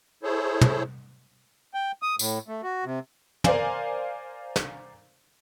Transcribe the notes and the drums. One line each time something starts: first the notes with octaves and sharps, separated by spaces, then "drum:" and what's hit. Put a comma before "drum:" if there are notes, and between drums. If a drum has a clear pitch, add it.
E4 G#4 A4 C5 C#5
drum: tom
G5
D#6
A2, drum: tambourine
A3
F#4
C3
A#4 C5 D5 F5 G#5, drum: tom
drum: snare